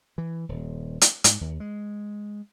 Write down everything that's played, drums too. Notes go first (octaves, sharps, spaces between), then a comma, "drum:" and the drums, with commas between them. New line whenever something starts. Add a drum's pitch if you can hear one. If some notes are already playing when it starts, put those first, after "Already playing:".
E3
D#1
drum: hi-hat
G#2, drum: hi-hat
D#2
G#3